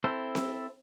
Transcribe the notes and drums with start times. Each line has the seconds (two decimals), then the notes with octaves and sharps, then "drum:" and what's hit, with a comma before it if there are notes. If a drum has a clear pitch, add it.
0.04 C4 E4 A4 C5
0.35 drum: snare C4